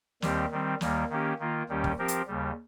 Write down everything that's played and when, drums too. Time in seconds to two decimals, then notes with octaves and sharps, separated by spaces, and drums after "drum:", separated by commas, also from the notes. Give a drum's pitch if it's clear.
0.22 D#2 D#3 G3 C4 G4, drum: snare
0.51 D#3 G3 C4
0.81 D#2 D#3 G3 A#3, drum: snare
1.10 D#3 A#3 C#4 G4
1.39 D#3 A#3 F4
1.69 D#2 D#3 G3 C#4 G4
1.84 drum: kick
1.98 F3 C4 G4 A#4
2.08 drum: hi-hat
2.27 D#2 C#3 G3